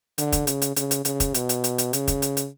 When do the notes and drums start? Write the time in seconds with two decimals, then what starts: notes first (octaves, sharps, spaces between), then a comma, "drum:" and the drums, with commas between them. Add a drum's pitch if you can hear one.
0.18 D3, drum: hi-hat
0.33 drum: kick, hi-hat
0.47 C#3, drum: hi-hat
0.62 drum: hi-hat
0.76 C#3, drum: hi-hat
0.91 drum: hi-hat
1.05 C#3, drum: hi-hat
1.20 drum: kick, hi-hat
1.35 B2, drum: hi-hat
1.49 drum: hi-hat
1.64 drum: hi-hat
1.78 drum: hi-hat
1.93 C#3, drum: hi-hat
2.08 drum: kick, hi-hat
2.22 drum: hi-hat
2.37 drum: hi-hat